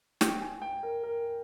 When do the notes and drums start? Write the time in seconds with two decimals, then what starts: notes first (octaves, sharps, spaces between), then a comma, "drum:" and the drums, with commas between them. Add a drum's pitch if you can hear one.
0.21 G5, drum: snare
0.41 G#5
0.62 G5
0.83 A#4
1.03 A#4